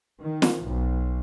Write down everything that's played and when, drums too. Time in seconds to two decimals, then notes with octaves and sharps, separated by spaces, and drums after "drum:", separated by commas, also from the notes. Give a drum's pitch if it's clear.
0.21 D#3
0.42 drum: snare
0.62 B1